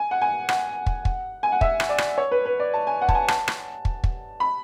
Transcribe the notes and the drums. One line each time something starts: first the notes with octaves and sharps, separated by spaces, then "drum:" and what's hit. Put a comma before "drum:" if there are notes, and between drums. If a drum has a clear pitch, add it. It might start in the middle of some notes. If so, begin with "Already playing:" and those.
Already playing: G#5
F#5
G#5
F#5, drum: rim click
drum: kick
drum: kick
G#5
F#5
E5, drum: kick
drum: rim click
D5
drum: rim click
C#5
B4
B4
D5
A5
G#5
F#5
A5, drum: kick
G#5
A5, drum: rim click
drum: rim click
drum: kick
drum: kick
B5